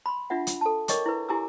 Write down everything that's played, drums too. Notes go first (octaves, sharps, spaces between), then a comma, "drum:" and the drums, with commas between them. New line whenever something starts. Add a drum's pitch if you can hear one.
B5 C6
D4 F4 E5 F#5
drum: hi-hat
A4 A5
A#4 C#5 D#5 G5 C#6 D6, drum: hi-hat
E4 B4
E4 G4 G#5 A#5 D6 E6